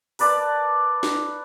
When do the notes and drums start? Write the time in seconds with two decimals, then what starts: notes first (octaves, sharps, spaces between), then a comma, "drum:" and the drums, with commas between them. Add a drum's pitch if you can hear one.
0.19 A#4 B4 D5 A5, drum: open hi-hat
1.03 drum: snare